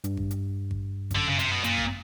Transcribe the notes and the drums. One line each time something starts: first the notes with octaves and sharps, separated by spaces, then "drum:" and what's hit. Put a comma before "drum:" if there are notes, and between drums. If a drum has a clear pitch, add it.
G2, drum: hi-hat
drum: kick G#1
drum: hi-hat
drum: kick G#1
F#2 D3, drum: kick G#1, hi-hat
C#3
C3, drum: hi-hat
B2
A#2, drum: hi-hat
drum: kick G#1